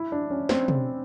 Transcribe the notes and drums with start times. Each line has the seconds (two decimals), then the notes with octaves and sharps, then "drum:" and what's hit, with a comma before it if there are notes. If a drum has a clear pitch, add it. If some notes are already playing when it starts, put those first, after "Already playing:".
Already playing: E4
0.12 D4
0.30 C#4
0.49 C4, drum: snare
0.68 drum: tom